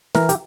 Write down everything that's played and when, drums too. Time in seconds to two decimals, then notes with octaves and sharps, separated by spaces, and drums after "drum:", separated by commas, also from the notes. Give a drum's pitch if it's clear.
0.15 E3 A#4, drum: snare
0.29 G4, drum: hi-hat